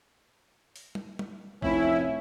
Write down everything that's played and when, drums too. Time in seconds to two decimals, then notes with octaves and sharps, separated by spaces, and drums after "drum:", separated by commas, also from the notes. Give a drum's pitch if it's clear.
0.76 drum: open hi-hat
0.95 drum: tom
1.19 drum: tom
1.62 F1 C#4 E4, drum: kick A#1